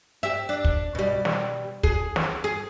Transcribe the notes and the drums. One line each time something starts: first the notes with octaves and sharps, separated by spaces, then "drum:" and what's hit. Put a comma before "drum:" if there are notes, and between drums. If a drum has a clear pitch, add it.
G4 E5
D4
drum: kick
B2 G3
drum: snare
G#4, drum: kick
drum: snare
G#4